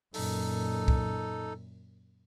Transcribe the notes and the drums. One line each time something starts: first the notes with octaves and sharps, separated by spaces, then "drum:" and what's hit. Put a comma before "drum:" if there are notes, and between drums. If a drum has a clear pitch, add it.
F#2 A#2 D#4 A4, drum: open hi-hat
drum: kick C2